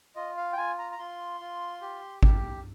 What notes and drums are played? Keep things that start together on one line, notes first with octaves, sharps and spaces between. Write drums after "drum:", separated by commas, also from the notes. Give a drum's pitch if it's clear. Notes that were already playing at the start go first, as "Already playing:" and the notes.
F4 D#5
F5
G5
F4 G#5
A#5
A#5
F4 C6
F4
G4
G4, drum: kick G#1